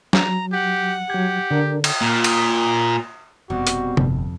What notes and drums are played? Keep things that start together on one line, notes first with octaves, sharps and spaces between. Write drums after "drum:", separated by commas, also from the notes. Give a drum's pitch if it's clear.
F#3 A#5, drum: snare
G4 F#5
F#3 G4 G#6
D3 D4 A#4
drum: cymbal
A#2
drum: cymbal
F1 B2 G3 C4 F#4
drum: hi-hat
G1 F2, drum: tom C3